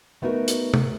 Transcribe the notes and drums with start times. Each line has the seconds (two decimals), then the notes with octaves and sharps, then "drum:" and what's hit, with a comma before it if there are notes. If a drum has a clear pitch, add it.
0.22 A3 B3 D#4 F#4 A#4
0.48 drum: hi-hat
0.74 drum: tom